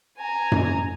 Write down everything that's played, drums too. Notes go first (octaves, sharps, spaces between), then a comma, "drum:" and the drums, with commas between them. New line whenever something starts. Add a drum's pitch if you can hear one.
G#5 A#5
drum: tom F#2